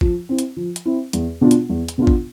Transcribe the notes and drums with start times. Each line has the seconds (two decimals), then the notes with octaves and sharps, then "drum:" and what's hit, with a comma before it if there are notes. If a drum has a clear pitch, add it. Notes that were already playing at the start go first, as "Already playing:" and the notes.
0.01 F3, drum: kick
0.29 C4 E4
0.38 drum: hi-hat
0.57 F3
0.76 drum: hi-hat
0.85 C4 E4
1.13 E2, drum: hi-hat
1.41 B2 B3 D4 F4
1.51 drum: hi-hat
1.69 E2
1.88 drum: hi-hat
1.98 B2 B3 D4 F4
2.07 drum: kick